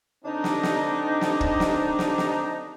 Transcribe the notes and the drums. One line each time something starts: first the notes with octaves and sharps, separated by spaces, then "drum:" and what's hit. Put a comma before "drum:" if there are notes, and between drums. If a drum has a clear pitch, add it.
D3 C4 D4 D#4
drum: snare
drum: snare
drum: snare
drum: kick
drum: snare
drum: snare
drum: snare